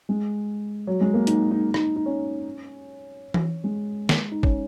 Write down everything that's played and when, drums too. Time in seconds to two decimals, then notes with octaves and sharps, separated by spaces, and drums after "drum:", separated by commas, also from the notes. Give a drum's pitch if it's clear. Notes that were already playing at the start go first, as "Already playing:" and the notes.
0.09 G#3
0.87 F#3
1.01 G#3
1.14 A#3
1.27 D#4, drum: hi-hat
1.51 D#4
1.74 D#4, drum: rim click
1.96 D#4
2.06 C#4
3.34 drum: tom E3
3.64 G#3
4.09 drum: snare
4.31 D#4
4.43 C#4, drum: kick